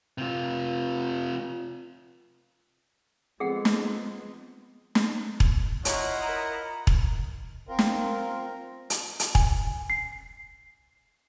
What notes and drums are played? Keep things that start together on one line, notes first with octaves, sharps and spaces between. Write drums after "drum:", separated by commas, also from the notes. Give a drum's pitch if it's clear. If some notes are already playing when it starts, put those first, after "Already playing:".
C3 F4
F3 G#3 A3 B3 C4 G#4 F#5
drum: snare
drum: snare
drum: kick E1
E4 F4 C#5 D#5 F#5 A#5, drum: hi-hat
A#4
drum: kick E1
C4 F4 A#4
drum: snare
drum: hi-hat
drum: hi-hat
G#5, drum: kick E1
C7